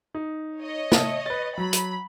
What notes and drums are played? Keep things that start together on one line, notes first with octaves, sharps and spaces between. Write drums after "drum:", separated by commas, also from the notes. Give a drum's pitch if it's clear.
D#4
C#5 D#5
E5 A5 D#6, drum: snare
B4 A6
F#3 B5
drum: hi-hat